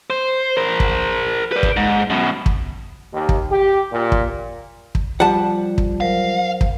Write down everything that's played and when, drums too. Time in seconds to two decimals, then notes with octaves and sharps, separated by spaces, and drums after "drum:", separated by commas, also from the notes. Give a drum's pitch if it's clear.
0.10 C5
0.57 A#4 C5
0.80 drum: kick
1.52 B4 D5
1.63 drum: kick
1.77 G#2
2.10 F#2 B2
2.46 drum: kick
3.13 D#2
3.29 drum: kick
3.51 G4
3.91 A#2
4.12 drum: kick
4.95 drum: kick
5.20 F3 G3 F#5 A5
5.78 drum: kick
6.01 F#3 A#4 C5 F5
6.61 drum: kick